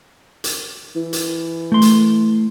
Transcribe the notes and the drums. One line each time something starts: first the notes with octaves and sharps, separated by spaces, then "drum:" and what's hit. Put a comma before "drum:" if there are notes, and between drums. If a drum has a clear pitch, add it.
drum: hi-hat
E3
drum: hi-hat
A3 C6
drum: hi-hat